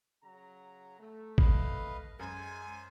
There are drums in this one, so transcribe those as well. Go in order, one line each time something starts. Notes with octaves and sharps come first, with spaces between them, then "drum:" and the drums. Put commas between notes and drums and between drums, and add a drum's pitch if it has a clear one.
C#3 F#3 A#5
A3
B4 D#5 F5, drum: kick
F#2 G#3 C5 G#5